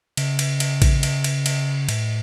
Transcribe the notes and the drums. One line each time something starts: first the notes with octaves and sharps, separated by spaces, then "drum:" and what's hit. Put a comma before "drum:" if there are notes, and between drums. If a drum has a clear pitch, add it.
C#3, drum: cymbal
drum: cymbal
drum: cymbal
drum: kick A1, cymbal
drum: cymbal
drum: cymbal
drum: cymbal
A2, drum: cymbal